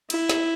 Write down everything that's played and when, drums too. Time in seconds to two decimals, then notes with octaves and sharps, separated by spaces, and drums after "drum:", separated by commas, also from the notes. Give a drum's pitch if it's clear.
0.10 E4, drum: cymbal
0.29 drum: snare